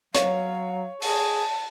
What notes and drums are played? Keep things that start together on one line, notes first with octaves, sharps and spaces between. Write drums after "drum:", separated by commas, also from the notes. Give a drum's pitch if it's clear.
F#3 C#5 F5, drum: hi-hat
G#4 A5, drum: open hi-hat